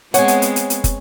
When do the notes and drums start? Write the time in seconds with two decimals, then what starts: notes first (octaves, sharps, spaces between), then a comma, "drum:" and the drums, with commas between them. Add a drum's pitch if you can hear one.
0.14 G#3 B3 C4 C#5 F#5 G#5, drum: hi-hat
0.28 drum: hi-hat
0.42 drum: hi-hat
0.56 drum: hi-hat
0.70 drum: hi-hat
0.84 drum: kick, hi-hat